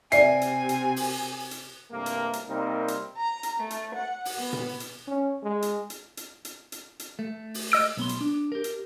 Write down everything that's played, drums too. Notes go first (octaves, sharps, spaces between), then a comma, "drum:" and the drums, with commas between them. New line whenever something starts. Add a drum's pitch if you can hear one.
C3 D5 E5 G#5 C7, drum: hi-hat
drum: hi-hat
drum: hi-hat
drum: open hi-hat
drum: hi-hat
G2 C3 A3 A#3
drum: hi-hat
drum: hi-hat
C3 G3 A#3 C4 D#4 A#4
drum: hi-hat
A#5
drum: hi-hat
A3
drum: hi-hat
F#5
drum: open hi-hat
B3
drum: tom A#2
drum: hi-hat
C#4
G#3
drum: hi-hat
drum: hi-hat
drum: hi-hat
drum: hi-hat
drum: hi-hat
drum: hi-hat
A3
drum: open hi-hat
D#5 E6 D7
B1 B3 C6
drum: hi-hat
D4
G4 A#4
drum: hi-hat